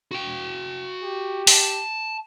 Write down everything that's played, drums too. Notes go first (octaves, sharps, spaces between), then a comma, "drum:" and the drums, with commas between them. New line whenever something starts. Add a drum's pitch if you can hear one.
F#4 G5
G4
A5, drum: open hi-hat